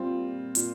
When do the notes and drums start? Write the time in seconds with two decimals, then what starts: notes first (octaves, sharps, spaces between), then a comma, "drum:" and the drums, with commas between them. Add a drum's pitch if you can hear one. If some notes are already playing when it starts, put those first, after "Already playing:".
Already playing: A#2 G3 A#3 C4 F4
0.55 A#2 A#3, drum: hi-hat